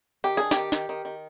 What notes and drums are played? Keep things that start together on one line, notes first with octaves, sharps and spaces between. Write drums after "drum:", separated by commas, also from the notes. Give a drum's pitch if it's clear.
D#3 G4, drum: hi-hat
D4 G#4
G4, drum: snare
D#3
D#3, drum: snare
D#3
D#3